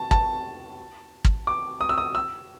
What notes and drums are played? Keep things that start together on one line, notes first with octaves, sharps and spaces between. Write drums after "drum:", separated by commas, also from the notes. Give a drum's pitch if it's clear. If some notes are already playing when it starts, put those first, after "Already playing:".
Already playing: A5
A5, drum: kick
drum: kick
D6
D#6
E6
D#6
E6